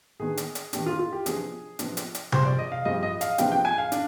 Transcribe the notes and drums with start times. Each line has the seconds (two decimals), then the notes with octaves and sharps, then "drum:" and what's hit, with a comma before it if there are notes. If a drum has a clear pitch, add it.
0.20 D#3 B3 D4 G#4
0.37 drum: hi-hat
0.55 drum: hi-hat
0.73 D#3 B3 D4 G4, drum: hi-hat
0.86 F4
0.99 F4
1.12 G4
1.26 C3 F3 B3 D4 G#4, drum: hi-hat
1.79 C3 F3 B3 D4, drum: hi-hat
1.97 drum: hi-hat
2.15 drum: hi-hat
2.32 G2 F3 C4 C5, drum: tom C3
2.45 D5
2.59 D#5
2.72 F5
2.85 G2 F3 C4 D#5
3.03 D#5
3.21 F5, drum: hi-hat
3.38 C3 F3 B3 D4 G5, drum: hi-hat
3.52 G5
3.65 G#5
3.78 F5
3.92 D4, drum: hi-hat